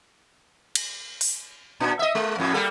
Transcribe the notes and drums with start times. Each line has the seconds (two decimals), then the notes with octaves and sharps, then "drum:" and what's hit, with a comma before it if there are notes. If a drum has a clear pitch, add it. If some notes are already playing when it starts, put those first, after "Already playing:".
0.75 drum: cymbal
1.21 drum: open hi-hat
1.80 A#2 D4
1.99 D#5 E5
2.15 G#3
2.38 F2 A2
2.54 G3 A#3 A4